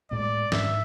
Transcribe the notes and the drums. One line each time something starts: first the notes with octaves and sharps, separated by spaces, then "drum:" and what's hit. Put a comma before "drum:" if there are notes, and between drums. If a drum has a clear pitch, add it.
A2 G#3 B3 D5
G#2 E5, drum: snare